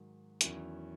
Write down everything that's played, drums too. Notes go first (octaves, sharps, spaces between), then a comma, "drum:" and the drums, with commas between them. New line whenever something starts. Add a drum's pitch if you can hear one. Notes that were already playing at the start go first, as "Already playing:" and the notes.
Already playing: G#2 D#3 F#3
E2 D#3 F#3 C#4 E4, drum: hi-hat